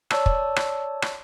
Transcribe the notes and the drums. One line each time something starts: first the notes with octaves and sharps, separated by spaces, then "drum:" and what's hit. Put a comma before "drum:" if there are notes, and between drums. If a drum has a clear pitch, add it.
C#5 D5 A5 E6, drum: rim click
drum: kick
drum: rim click
drum: rim click